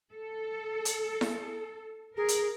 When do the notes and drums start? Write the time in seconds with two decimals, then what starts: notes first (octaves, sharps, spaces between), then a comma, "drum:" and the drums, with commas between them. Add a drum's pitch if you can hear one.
0.14 A4
0.85 drum: hi-hat
1.21 drum: snare E4
2.17 G#4 A#4
2.28 drum: hi-hat